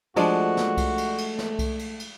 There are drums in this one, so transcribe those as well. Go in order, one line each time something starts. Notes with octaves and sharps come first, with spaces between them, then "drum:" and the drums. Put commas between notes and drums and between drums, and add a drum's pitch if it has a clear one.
F3 G#3 A3 D4 F#4, drum: cymbal
drum: snare
drum: kick C2, cymbal
drum: cymbal
drum: cymbal
drum: snare
drum: kick C2, cymbal
drum: cymbal
drum: cymbal